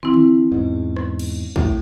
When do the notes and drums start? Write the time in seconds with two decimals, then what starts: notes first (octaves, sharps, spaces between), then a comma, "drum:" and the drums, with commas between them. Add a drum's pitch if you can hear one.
0.03 E3 C4 E4
0.14 drum: tom D3
0.52 E2 G#2
0.96 drum: rim click
1.19 drum: cymbal
1.56 A2, drum: kick